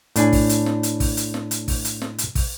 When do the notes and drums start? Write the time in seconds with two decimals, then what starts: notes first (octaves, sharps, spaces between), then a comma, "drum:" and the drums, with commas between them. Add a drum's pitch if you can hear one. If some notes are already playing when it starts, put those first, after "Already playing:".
0.16 A2 D4 G#5, drum: hi-hat
0.33 drum: kick, open hi-hat
0.49 drum: hi-hat
0.66 drum: snare
0.83 drum: hi-hat
1.00 drum: kick, open hi-hat
1.17 drum: hi-hat
1.34 drum: snare
1.51 drum: hi-hat
1.68 drum: kick, open hi-hat
1.85 drum: hi-hat
2.02 drum: snare
2.18 drum: hi-hat
2.35 drum: kick, open hi-hat